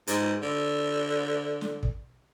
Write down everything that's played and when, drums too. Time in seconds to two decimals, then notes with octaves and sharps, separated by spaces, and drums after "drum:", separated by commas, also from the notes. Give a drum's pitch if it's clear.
0.07 G#2, drum: hi-hat
0.42 D3
1.61 drum: snare
1.83 drum: kick